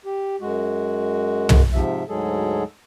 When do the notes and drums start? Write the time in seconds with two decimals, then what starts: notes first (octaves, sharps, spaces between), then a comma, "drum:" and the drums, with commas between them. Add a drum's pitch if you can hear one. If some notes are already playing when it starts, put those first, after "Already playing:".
0.05 G4
0.41 F#2 G#3 F#4
1.49 drum: tom
1.73 G#2 C3 F3 E5
2.09 D2 G#2 F#3 G#3 G#4 A4